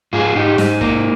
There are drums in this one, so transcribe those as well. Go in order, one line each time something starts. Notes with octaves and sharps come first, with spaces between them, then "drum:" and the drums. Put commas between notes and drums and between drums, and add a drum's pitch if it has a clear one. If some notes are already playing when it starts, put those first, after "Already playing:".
G#2 F4 G#4
G#2 D#4 G4
G#2 D#4, drum: snare
A#3, drum: kick